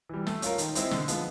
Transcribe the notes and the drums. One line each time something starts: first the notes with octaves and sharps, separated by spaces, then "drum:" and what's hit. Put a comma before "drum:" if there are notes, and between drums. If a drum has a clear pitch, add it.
E3 G3
A3, drum: snare
C#4 F4 A#4, drum: hi-hat
D#3, drum: hi-hat
G#3 C4 E4, drum: hi-hat
D3, drum: snare
F3 G#3 B3, drum: hi-hat